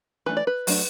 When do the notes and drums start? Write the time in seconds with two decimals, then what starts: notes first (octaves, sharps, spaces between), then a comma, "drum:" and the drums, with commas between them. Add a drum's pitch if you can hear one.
0.26 E3 A3 D4 B4
0.37 D5
0.47 B4
0.67 F#3 A3 D4, drum: open hi-hat